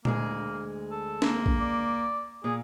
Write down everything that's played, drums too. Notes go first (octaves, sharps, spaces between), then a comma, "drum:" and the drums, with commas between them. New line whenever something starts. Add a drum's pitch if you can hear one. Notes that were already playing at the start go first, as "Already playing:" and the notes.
D2 G#3 A#3 G#4, drum: tom A#2
A4
A#3, drum: snare
drum: kick A#1
D5
A#2 G#4